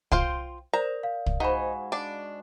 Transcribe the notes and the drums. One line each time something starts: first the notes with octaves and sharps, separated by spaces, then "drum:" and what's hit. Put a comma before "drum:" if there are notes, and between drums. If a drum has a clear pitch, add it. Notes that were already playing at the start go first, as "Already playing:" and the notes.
F4 C5 G5, drum: kick
A#4 C5 D5 A#5
F5
drum: kick
G#2 D#4 F#4 F#5 G#5 B5
D4 D5